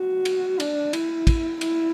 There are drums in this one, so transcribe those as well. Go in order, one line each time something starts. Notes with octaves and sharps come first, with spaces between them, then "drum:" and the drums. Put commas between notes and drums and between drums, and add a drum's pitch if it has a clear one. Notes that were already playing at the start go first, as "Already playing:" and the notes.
Already playing: F#4
drum: cymbal
D4, drum: cymbal
E4, drum: cymbal
drum: kick, cymbal
E4, drum: cymbal